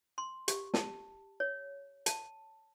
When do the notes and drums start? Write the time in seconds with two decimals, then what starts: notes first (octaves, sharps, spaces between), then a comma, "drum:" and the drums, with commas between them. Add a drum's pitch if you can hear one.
0.18 C6
0.48 G4, drum: hi-hat
0.74 A5, drum: snare
1.40 C#5
2.06 A5, drum: hi-hat